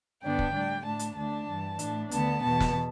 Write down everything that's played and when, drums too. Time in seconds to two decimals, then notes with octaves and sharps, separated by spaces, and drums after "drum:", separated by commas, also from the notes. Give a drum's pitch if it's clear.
0.23 G2 D3 B3 D4 G5
0.39 drum: kick
0.54 A2 G3 D4
0.85 A2 A3 D4 A5
0.99 drum: hi-hat
1.16 D2 D3 A3 D4 A5
1.48 G2 E3 G3
1.79 A2 A3 D4, drum: hi-hat
2.11 D2 D3 B3 A5, drum: hi-hat
2.42 E2 B2 B3 A5
2.60 drum: snare